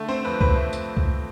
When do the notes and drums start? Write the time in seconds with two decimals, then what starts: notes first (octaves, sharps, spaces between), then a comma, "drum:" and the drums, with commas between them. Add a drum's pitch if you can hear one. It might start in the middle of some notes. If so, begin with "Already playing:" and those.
Already playing: D3 A3
0.08 C4 C5
0.25 F2 B4
0.41 B4, drum: kick C#2
0.56 A3
0.73 drum: tambourine
0.97 drum: kick C#2